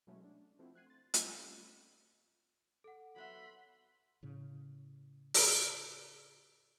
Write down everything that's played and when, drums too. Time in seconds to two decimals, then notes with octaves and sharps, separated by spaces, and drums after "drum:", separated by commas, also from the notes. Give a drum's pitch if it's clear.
0.07 B2 F#3 G#3 A3 C#4 E4
0.24 D4
0.59 F3 A3 C4 E4 F#4
0.75 F#6 G#6 C7 D#7
0.86 C6 A6
1.14 G3 A3 C4 C#4 F4, drum: hi-hat
2.84 A4 F#5
3.16 F#3 B3 E5 B5 C6
4.23 A2 C#3
5.34 drum: open hi-hat